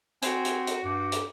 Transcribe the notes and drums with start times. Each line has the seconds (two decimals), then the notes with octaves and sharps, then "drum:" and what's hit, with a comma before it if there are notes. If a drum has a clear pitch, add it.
0.22 C4 F#4 G#5, drum: hi-hat
0.45 drum: hi-hat
0.67 drum: hi-hat
0.84 G2 D6
1.12 drum: hi-hat